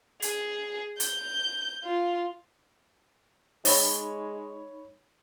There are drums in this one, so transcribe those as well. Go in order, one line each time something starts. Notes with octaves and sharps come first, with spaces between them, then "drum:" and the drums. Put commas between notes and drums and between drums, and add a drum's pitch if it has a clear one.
G#4, drum: hi-hat
G6, drum: hi-hat
F4
G#3 D#4 C#5 B5, drum: open hi-hat